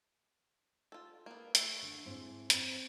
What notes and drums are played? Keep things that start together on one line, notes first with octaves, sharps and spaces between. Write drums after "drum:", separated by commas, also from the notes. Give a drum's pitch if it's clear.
F4 A4
A#3 B3
A3, drum: hi-hat
D3
G#2 C4 E4
C4, drum: hi-hat